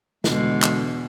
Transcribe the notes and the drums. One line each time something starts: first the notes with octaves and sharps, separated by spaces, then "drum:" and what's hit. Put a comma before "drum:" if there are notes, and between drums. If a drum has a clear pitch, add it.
E2 B2 D3 G#3, drum: snare
drum: clap